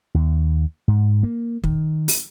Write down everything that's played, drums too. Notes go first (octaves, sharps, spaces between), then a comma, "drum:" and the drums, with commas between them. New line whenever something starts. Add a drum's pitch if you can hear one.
D#2
G#2
A#3
D#3, drum: kick
drum: open hi-hat